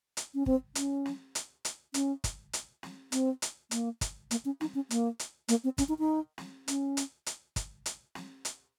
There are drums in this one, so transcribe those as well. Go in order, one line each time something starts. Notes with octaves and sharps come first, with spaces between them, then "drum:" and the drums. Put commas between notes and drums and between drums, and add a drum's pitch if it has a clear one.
drum: hi-hat
C#4
C4, drum: kick
C#4, drum: hi-hat
drum: snare
drum: hi-hat
drum: hi-hat
C#4, drum: hi-hat
drum: kick, hi-hat
drum: hi-hat
drum: snare
C4, drum: hi-hat
drum: hi-hat
A#3, drum: hi-hat
drum: kick, hi-hat
A#3, drum: hi-hat
C#4
D#4, drum: snare
C#4
A#3, drum: hi-hat
drum: hi-hat
A#3, drum: hi-hat
C4
C#4, drum: kick, hi-hat
D#4
D#4
drum: snare
C#4, drum: hi-hat
drum: hi-hat
drum: hi-hat
drum: kick, hi-hat
drum: hi-hat
drum: snare
drum: hi-hat